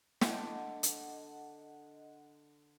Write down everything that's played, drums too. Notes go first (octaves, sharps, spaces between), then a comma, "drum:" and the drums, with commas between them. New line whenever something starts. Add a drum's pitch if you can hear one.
D3 D#5 F#5 G5, drum: snare
drum: hi-hat